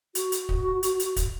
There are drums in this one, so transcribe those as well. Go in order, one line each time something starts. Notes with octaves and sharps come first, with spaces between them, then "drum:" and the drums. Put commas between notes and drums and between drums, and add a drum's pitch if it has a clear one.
F#4, drum: hi-hat
drum: hi-hat
drum: kick
drum: hi-hat
drum: hi-hat
drum: kick, hi-hat